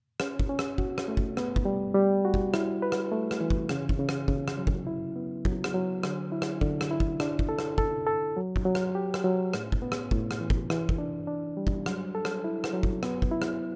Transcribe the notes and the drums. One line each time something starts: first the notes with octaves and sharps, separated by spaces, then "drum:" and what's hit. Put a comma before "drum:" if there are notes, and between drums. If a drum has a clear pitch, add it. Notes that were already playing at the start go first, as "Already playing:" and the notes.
C#4, drum: rim click
drum: kick
C#4
drum: rim click
F#4, drum: kick
drum: rim click
A3
drum: kick
B3, drum: rim click
drum: kick
G3
G3
F#4
drum: kick
E4, drum: rim click
B4
drum: rim click
A3
drum: rim click
E3
drum: kick
C#3, drum: rim click
drum: kick
C#3
drum: rim click
C#3, drum: kick
drum: rim click
F#3
drum: kick
E4
B3
F#3, drum: kick
drum: rim click
F#3
D3, drum: rim click
E4
drum: rim click
D3, drum: kick
drum: rim click
E4
drum: kick
D4, drum: rim click
drum: kick
A4
drum: rim click
A4, drum: kick
A4
F#3
drum: kick
F#3
drum: rim click
G4
drum: rim click
F#3
A2, drum: rim click
drum: kick
B3
drum: rim click
A2, drum: kick
drum: rim click
E3
drum: kick
E3, drum: rim click
drum: kick
D4
D4
G3
drum: kick
F#3, drum: rim click
A4
drum: rim click
E4
drum: rim click
F#3
drum: kick
B3, drum: rim click
drum: kick
E4
drum: rim click